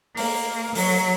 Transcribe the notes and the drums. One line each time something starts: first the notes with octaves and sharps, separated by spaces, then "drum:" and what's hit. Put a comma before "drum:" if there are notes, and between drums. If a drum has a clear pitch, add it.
A#3, drum: open hi-hat
F#3, drum: open hi-hat